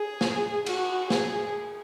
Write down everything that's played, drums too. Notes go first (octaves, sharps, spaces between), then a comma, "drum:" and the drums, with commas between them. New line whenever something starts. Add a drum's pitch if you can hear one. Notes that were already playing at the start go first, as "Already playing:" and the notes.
Already playing: G#4
drum: snare
F#4, drum: cymbal
G#4, drum: snare